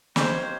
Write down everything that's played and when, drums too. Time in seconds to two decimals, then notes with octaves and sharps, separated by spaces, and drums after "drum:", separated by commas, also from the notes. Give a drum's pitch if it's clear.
0.16 C4 D#4 G4 C5 C#5 F5, drum: snare